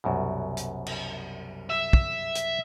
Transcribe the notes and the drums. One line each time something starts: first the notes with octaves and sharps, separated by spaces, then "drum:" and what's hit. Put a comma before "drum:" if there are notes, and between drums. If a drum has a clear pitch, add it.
C2 F#2 B2
drum: hi-hat
drum: cymbal
E5
drum: kick
drum: hi-hat